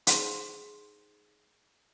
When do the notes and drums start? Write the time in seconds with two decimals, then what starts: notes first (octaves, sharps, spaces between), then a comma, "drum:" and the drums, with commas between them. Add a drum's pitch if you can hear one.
0.07 D#4 G#4 C5 C6 C#6, drum: hi-hat